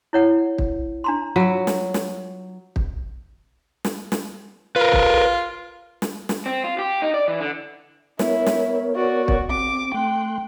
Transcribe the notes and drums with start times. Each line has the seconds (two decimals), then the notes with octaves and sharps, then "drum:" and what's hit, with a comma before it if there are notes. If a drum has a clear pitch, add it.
0.13 E4 C#5 F#5
0.58 drum: kick
1.04 D4 A#5 C6
1.36 F#3 F4 E6
1.67 drum: snare
1.94 drum: snare
2.76 drum: kick
3.84 drum: snare
4.12 drum: snare
4.76 F4 A#4 B4
4.93 drum: kick
6.02 drum: snare
6.29 drum: snare
6.46 C4
6.64 F4
6.79 G4
7.02 D#4
7.14 D5
7.28 E3
7.40 D3
8.19 B3 E4 A#4 C#5, drum: snare
8.46 drum: snare
8.95 F#4 D5
9.28 drum: kick
9.50 C4 D6
9.94 A3 G5 C6 F#6